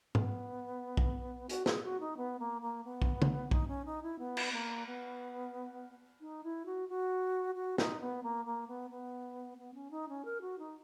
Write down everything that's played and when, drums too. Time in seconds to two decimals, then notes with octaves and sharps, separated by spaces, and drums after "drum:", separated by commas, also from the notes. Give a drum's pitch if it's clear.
0.15 B3, drum: tom G#2
0.97 drum: kick B1
1.49 F#4, drum: hi-hat
1.66 G#4, drum: snare
1.84 F#4
2.00 D#4
2.17 B3
2.39 A#3
2.62 A#3
2.84 B3
3.02 drum: kick B1
3.22 drum: tom
3.51 D#4, drum: kick B1
3.68 C#4
3.85 D#4
4.03 E4
4.19 B3
4.37 drum: cymbal
4.52 A#3
4.86 B3
6.21 D#4
6.44 E4
6.66 F#4
6.89 F#4
7.55 F#4
7.78 D#4, drum: snare
8.01 B3
8.23 A#3
8.46 A#3
8.68 B3
8.90 B3
9.58 B3
9.74 C#4
9.91 D#4
10.09 C#4
10.25 A#4
10.41 F#4
10.59 D#4